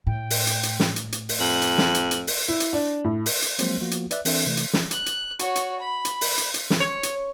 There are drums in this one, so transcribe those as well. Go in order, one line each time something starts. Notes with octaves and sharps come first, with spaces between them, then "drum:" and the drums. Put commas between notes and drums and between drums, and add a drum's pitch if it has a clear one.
A2 G5
drum: open hi-hat
drum: hi-hat
drum: hi-hat
drum: snare
drum: hi-hat
drum: hi-hat
drum: open hi-hat
F2 F#7
drum: hi-hat
drum: snare
drum: hi-hat
drum: hi-hat
drum: open hi-hat
E4
drum: hi-hat
D4
A2
drum: open hi-hat
drum: hi-hat
F3 F#3 G#3 A#3 C4 C5, drum: hi-hat
F3 A#3 B3 F4 F#4
drum: hi-hat
B4 D5 E5 F#6, drum: hi-hat
E3 C4 D4 A4 E5, drum: open hi-hat
C3 E3 A3
drum: hi-hat
drum: snare
F#6, drum: hi-hat
drum: hi-hat
F#4 C#5, drum: hi-hat
drum: hi-hat
B5
drum: hi-hat
drum: open hi-hat
drum: hi-hat
drum: hi-hat
drum: snare
C#5
drum: hi-hat